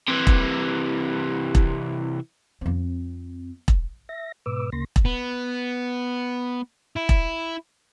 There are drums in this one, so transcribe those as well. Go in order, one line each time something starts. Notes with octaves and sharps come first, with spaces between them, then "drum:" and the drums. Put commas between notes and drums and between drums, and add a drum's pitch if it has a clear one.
C3 E3
drum: kick E1
drum: kick E1
F2 C4
drum: kick E1
E5 A#6
G#2 B2 B4 D6 E6
D2 C#3 A#3 C6 A#6
drum: kick E1
B3
E4
drum: kick E1